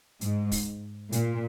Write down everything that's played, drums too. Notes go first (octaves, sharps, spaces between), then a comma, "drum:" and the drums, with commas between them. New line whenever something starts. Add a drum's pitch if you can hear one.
G#2, drum: hi-hat
drum: kick, open hi-hat
A#2, drum: hi-hat